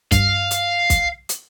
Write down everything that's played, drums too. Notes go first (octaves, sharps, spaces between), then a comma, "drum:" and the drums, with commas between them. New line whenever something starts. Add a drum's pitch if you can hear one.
G2 F5, drum: kick, hi-hat
drum: hi-hat
drum: kick, hi-hat
drum: hi-hat